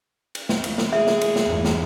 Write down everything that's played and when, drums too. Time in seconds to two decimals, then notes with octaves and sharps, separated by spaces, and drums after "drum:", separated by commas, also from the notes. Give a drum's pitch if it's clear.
0.35 drum: cymbal
0.49 drum: snare
0.64 drum: cymbal
0.78 drum: snare
0.93 G#4 E5
1.07 drum: snare
1.21 drum: cymbal
1.36 drum: snare
1.47 E2 G2
1.65 drum: snare